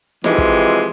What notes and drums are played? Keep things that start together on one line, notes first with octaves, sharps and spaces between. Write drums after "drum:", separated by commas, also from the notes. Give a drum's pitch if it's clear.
F2 C3 E3 G#3, drum: snare
drum: kick